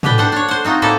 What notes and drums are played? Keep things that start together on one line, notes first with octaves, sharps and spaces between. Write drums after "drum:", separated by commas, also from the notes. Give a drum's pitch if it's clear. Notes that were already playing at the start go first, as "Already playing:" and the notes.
B2 G4 B4 D5 G5, drum: tom
D4 C5 F#5
D4 C#5
C5 F#5
C4 D#4 F4 F#4
A2 A#3 E4 A4 D5